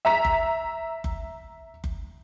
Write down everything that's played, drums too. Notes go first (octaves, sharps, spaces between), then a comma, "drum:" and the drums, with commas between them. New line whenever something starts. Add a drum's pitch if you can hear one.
E5 A#5 B6
drum: kick F#1
drum: kick F#1
drum: kick F#1